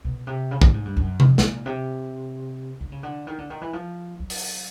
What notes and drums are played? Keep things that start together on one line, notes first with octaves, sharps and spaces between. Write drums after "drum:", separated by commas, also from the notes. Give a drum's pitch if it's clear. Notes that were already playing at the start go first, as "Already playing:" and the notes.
B2
C3
C#3
A2, drum: kick
G#2
G2
F#2
F2, drum: tom C3
B2, drum: snare
A#2
C3
D3
C#3
D3
D#3
D3
D#3
E3
F3
F#3
drum: open hi-hat